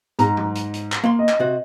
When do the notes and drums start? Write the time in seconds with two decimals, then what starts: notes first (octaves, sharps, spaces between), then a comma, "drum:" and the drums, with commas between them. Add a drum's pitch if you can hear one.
0.19 G#2 A#5, drum: hi-hat
0.37 drum: tom
0.55 drum: hi-hat
0.74 drum: hi-hat
0.92 drum: clap
1.04 A#3 C6
1.19 D#5
1.29 drum: clap
1.40 C3 F#4